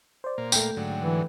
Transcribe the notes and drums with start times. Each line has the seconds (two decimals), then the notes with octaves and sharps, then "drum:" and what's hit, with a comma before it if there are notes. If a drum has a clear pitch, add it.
0.24 C5 D5
0.38 A#2 A#3
0.52 A3 G5, drum: tambourine
0.77 G#2 D3 F#3
1.01 E3